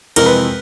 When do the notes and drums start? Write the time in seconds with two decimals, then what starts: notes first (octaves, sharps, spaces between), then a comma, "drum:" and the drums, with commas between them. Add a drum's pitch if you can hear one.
0.16 F2 C3 E3 G#3 C4 A#4, drum: cymbal
0.26 B4